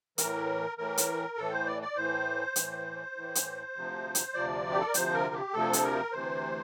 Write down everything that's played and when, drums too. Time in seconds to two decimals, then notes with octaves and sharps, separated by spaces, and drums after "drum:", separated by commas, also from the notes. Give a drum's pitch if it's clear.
0.18 A2 E3 A#4, drum: hi-hat
0.78 A2 E3 A#4
0.98 drum: hi-hat
1.37 A2 E3 A4
1.52 C5
1.67 D5
1.82 D5
1.96 A2 E3 C5
2.56 A2 E3, drum: hi-hat
3.16 A2 E3
3.35 drum: hi-hat
3.75 D2 C3 F3
4.15 drum: hi-hat
4.34 D2 C3 F3 D5
4.72 G4
4.80 A4
4.87 A#4
4.94 D2 C3 F3 C5, drum: hi-hat
5.14 A#4
5.34 G4
5.53 D2 C3 F3 A4
5.73 drum: hi-hat
5.83 A#4
6.12 D2 C3 E3 C5